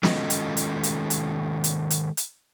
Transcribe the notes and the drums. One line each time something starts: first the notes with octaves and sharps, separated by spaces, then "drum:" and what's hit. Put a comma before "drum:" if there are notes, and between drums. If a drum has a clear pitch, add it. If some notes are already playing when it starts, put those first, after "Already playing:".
D#3 G#3 C#4 F4 A4 D#5, drum: snare
drum: hi-hat
drum: hi-hat
drum: hi-hat
drum: hi-hat
drum: hi-hat
drum: hi-hat
drum: hi-hat